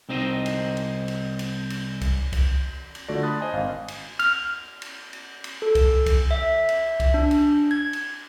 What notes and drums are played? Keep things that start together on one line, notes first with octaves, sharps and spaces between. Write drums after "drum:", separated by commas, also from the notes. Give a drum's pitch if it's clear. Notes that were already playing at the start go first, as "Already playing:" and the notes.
C2 C4 D#4 C5 D#5
drum: cymbal
drum: cymbal
drum: cymbal
drum: cymbal
drum: cymbal
drum: kick C2, cymbal
drum: kick C2, cymbal
drum: cymbal
D3 A3 F4 F#4 D5 A#6
A5 B5 C6 D#6 F#6 A6
C5 D#5 G#5
G#1 F5
drum: cymbal
F6, drum: cymbal
drum: cymbal
drum: cymbal
drum: cymbal
A4
drum: kick C2, cymbal
drum: kick C2, cymbal
E5
drum: cymbal
drum: kick C2, cymbal
D4
drum: cymbal
G#6
drum: cymbal